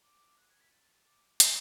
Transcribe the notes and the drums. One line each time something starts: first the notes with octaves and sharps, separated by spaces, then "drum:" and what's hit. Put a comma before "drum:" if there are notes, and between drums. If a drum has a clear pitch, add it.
D6
F#6
G#6
B6
A6
A6
D6
E6, drum: hi-hat